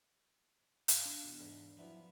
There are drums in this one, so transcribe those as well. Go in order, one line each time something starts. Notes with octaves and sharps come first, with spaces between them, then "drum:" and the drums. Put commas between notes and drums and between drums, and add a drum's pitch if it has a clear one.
F5, drum: hi-hat
D4 A5
E2 B2
E2 G#2
F3 F#3 B3 E4 D5